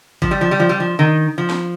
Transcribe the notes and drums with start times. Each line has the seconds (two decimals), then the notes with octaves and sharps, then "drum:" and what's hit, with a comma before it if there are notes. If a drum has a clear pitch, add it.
0.22 F3, drum: kick G1
0.31 G3
0.41 F3
0.51 G3
0.60 F3
0.69 G3
0.80 F3
0.99 D#3
1.38 F3
1.50 drum: snare